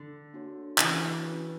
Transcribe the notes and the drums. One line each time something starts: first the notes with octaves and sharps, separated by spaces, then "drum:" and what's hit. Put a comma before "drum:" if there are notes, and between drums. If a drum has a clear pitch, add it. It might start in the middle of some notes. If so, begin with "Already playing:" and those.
Already playing: D3
A#3 D4 F#4 C#5
C#3 E3, drum: clap
C#4 F#4 B4